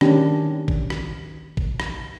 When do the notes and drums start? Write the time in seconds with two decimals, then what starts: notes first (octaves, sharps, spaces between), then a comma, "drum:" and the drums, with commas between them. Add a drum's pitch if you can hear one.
0.01 D#3 C#4 D4 G4, drum: rim click
0.68 drum: kick
0.90 drum: rim click
1.57 drum: kick
1.80 drum: rim click